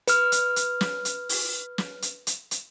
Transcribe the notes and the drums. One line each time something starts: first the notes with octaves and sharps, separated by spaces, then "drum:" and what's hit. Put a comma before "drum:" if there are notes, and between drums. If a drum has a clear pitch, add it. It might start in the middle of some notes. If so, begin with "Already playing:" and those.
B4 F6, drum: hi-hat
drum: hi-hat
drum: hi-hat
drum: snare
drum: hi-hat
drum: open hi-hat
drum: snare
drum: hi-hat
drum: hi-hat
drum: hi-hat